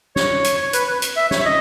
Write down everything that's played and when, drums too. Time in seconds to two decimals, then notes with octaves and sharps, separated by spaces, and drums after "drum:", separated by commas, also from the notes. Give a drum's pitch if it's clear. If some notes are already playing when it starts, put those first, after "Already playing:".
0.16 C#5, drum: snare
0.44 drum: hi-hat
0.62 C#5
0.73 B4, drum: hi-hat
0.88 B4
1.02 drum: hi-hat
1.16 E5
1.31 C#5, drum: snare
1.39 E5
1.45 D#5